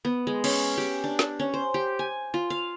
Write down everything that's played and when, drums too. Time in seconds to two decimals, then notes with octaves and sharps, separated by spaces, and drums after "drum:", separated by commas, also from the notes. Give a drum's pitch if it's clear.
0.05 B3
0.27 G#3
0.44 C#4, drum: cymbal
0.77 G4
1.04 D4
1.19 drum: snare
1.40 C#4
1.54 C5
1.74 G4
1.99 G#5
2.34 F4
2.50 F5